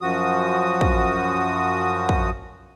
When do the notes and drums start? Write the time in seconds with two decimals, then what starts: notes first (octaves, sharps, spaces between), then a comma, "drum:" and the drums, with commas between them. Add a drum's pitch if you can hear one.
0.01 F#2 F3 F#4 D#6
0.81 drum: kick
2.09 drum: kick